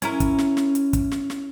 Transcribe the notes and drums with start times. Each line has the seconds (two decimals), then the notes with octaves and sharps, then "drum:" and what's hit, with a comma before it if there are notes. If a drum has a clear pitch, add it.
0.02 C#4 E4 A#4, drum: hi-hat
0.20 drum: kick, hi-hat
0.38 drum: snare
0.57 drum: snare
0.75 drum: hi-hat
0.93 drum: kick, hi-hat
1.11 drum: snare
1.30 drum: snare